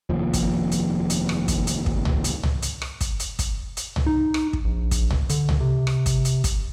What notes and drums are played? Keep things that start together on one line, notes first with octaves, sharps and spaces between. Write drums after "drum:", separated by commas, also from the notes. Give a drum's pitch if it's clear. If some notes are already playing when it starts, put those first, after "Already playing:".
F1 D#2 F3
drum: kick, hi-hat
drum: hi-hat
drum: hi-hat
drum: rim click
drum: kick, hi-hat
drum: hi-hat
drum: kick
drum: tom
drum: hi-hat
drum: tom
drum: hi-hat
drum: rim click
drum: kick, hi-hat
drum: hi-hat
drum: kick, hi-hat
drum: hi-hat
drum: tom
D#4
drum: rim click
drum: kick
A#1
drum: kick, hi-hat
drum: tom
D3, drum: hi-hat
drum: tom
C3
drum: rim click
drum: kick, hi-hat
drum: hi-hat
drum: kick, hi-hat